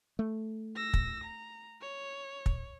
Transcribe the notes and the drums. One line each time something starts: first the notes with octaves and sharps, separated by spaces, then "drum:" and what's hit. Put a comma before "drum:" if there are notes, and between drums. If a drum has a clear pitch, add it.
A3
E6 A#6
drum: kick
A#5
C#5
drum: kick